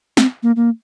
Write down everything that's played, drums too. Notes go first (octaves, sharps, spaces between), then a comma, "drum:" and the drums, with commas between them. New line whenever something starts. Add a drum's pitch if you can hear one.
C4, drum: snare
A#3
A#3